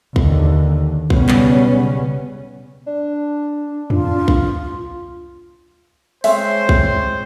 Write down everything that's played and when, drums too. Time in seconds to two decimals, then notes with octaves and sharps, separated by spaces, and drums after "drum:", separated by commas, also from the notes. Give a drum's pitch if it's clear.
0.16 D#2 D3, drum: kick B1
1.10 B1 C#3 G3 B3 C#4, drum: kick B1
1.29 drum: clap
2.86 D4
3.90 F4, drum: tom E2
4.28 drum: kick B1
6.24 G#3 C4 C5 C#5 E5, drum: open hi-hat
6.69 drum: kick B1